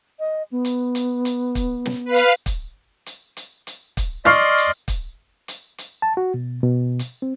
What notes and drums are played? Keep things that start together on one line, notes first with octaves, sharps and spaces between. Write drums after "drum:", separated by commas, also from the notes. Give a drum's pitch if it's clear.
D#5
B3
drum: hi-hat
drum: hi-hat
drum: hi-hat
drum: kick, hi-hat
drum: snare
B4 F5
drum: hi-hat
drum: kick, hi-hat
drum: hi-hat
drum: hi-hat
drum: hi-hat
drum: kick, hi-hat
D5 D#5 C6 C#6 F6 C7, drum: snare
drum: hi-hat
drum: kick, hi-hat
drum: hi-hat
drum: hi-hat
A5
F#4
B2
B2
drum: hi-hat
C4